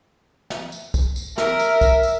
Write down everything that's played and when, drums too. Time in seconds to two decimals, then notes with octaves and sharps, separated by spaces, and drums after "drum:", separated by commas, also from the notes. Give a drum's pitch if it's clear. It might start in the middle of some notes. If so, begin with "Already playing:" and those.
0.50 drum: snare
0.72 drum: tambourine
0.94 drum: kick, tambourine
1.16 drum: tambourine
1.38 A#4 E5, drum: snare
1.59 drum: tambourine
1.81 drum: kick, tambourine
2.03 drum: tambourine